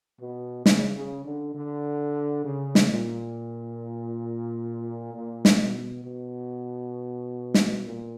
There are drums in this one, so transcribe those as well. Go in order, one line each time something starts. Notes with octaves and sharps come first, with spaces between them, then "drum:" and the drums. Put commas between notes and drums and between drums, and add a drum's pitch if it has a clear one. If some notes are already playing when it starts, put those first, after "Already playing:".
B2
C#3, drum: snare
C#3
D3
D3
C#3
drum: snare
A#2
A#2
drum: snare
B2
B2
drum: snare
A#2